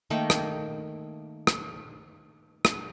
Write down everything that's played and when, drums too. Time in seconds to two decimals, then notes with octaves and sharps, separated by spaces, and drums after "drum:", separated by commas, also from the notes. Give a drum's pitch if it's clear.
0.10 D#3 A3 A#3 G5
0.30 drum: rim click
1.47 drum: rim click
2.65 drum: rim click